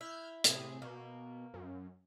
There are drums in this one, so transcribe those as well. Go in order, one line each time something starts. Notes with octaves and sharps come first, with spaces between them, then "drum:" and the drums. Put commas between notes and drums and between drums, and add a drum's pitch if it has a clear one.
E4 F6 G6 G#6
A2 C3 G#4, drum: hi-hat
B2 A#3
F#2